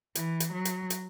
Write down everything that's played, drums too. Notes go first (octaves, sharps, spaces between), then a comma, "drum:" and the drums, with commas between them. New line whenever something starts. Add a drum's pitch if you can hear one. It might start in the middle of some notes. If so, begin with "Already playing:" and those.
E3, drum: hi-hat
drum: hi-hat
F#3
drum: hi-hat
drum: hi-hat